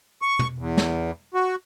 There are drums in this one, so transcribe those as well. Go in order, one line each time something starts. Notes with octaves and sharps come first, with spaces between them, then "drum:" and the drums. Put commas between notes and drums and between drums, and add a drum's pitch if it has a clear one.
C#6
drum: tom
E2
drum: snare
F#4